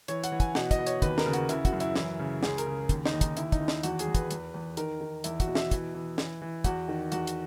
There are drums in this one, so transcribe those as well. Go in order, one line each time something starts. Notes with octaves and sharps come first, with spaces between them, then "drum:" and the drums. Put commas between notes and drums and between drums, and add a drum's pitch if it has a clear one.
E3 C#5, drum: hi-hat
F#5, drum: hi-hat
E3
G#5, drum: kick, hi-hat
B2 F#5, drum: snare
D#5, drum: kick, hi-hat
B2
C#5, drum: hi-hat
D#2 B4, drum: kick, hi-hat
A#4, drum: snare
C#3
F#4, drum: hi-hat
C#3 E4, drum: hi-hat
F#4, drum: kick, hi-hat
F#2
E4, drum: hi-hat
E3 E4, drum: snare
C#3
C#2 G#4, drum: snare
A#4, drum: hi-hat
C#3
D#2, drum: kick, hi-hat
D#4, drum: snare
D#2
D#4, drum: kick, hi-hat
D#2 E4, drum: hi-hat
D#4, drum: kick, hi-hat
D#2
E4, drum: snare
E2 F#4, drum: hi-hat
G#4, drum: hi-hat
E2
B4, drum: kick, hi-hat
E2, drum: hi-hat
E2
D#3 A#4, drum: hi-hat
D#3
E2 E4, drum: hi-hat
F#4, drum: kick, hi-hat
B2
E5, drum: snare
E3, drum: kick, hi-hat
E3
E3, drum: snare
E3
E2 F#4, drum: kick, hi-hat
D#3
E2 F#4, drum: hi-hat
drum: hi-hat